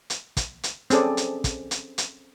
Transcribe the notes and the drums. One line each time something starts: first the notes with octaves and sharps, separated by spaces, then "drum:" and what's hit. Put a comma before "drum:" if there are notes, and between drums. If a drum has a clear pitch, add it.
drum: hi-hat
drum: kick, hi-hat
drum: hi-hat
C4 C#4 G#4 A4 D5, drum: hi-hat
drum: hi-hat
drum: kick, hi-hat
drum: hi-hat
drum: hi-hat